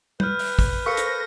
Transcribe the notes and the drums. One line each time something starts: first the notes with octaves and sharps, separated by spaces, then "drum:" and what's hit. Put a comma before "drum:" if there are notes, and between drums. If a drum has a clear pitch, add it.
B4 F6 G6, drum: tom G3
drum: open hi-hat
drum: kick, open hi-hat
A4 A#4 C5 F5 C#6 A#6 B6 C#7
drum: hi-hat